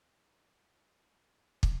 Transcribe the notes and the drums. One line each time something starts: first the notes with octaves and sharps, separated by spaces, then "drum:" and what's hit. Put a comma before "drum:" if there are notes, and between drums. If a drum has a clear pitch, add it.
G#3 F4
F#3 A#4
G#3 A3 D#4 G#4
drum: kick